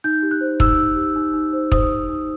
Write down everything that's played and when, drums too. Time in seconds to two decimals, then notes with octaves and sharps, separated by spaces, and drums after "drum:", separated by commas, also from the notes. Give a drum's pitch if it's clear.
0.04 D#4 G6
0.22 G4
0.31 F#6
0.41 C5
0.60 D#4 E6, drum: kick
0.78 D#4
0.96 G4
1.16 D#4
1.34 D#4
1.53 C5
1.72 C5 D#6, drum: kick
1.90 C5
2.09 D#4